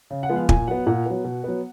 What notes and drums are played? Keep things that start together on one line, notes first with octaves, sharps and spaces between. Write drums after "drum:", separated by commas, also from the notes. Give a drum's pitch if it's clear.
C#3
F#5
F3 G#3 B3
F5
A#2 G#5, drum: kick
F#3 B3 F#5
A#2 F#5
F#3 B3
B2
F#3 B3